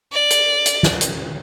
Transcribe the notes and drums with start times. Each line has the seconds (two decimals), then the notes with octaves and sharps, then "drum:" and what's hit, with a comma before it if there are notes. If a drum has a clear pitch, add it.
0.12 D5
0.30 drum: hi-hat
0.66 drum: hi-hat
0.83 drum: snare
1.01 drum: hi-hat